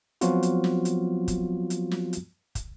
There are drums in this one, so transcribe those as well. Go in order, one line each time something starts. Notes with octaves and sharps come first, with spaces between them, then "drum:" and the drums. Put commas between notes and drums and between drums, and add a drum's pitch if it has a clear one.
F3 F#3 B3 C4 F4 F#4, drum: hi-hat
drum: hi-hat
drum: snare
drum: hi-hat
drum: kick, hi-hat
drum: hi-hat
drum: snare
drum: hi-hat
drum: kick, hi-hat